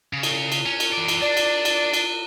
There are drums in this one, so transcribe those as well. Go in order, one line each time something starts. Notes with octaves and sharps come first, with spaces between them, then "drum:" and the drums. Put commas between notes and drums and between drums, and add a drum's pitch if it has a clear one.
C#3
drum: cymbal
drum: cymbal
C#4
drum: cymbal
E3 D5
drum: cymbal
D4 D5
drum: cymbal
drum: cymbal
drum: cymbal